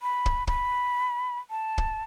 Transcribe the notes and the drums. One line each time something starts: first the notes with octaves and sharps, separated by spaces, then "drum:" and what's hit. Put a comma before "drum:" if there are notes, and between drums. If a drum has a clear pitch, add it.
B5
drum: kick
B5, drum: kick
A5
drum: kick